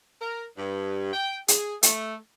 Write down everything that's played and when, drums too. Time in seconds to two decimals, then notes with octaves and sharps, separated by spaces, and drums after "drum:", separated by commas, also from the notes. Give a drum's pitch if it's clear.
0.21 A#4
0.58 G2
1.13 G5
1.48 G#4, drum: hi-hat
1.83 A3, drum: hi-hat